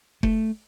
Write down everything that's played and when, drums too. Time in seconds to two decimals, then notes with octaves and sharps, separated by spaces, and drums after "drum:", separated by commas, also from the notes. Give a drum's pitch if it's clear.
0.23 A3, drum: kick F1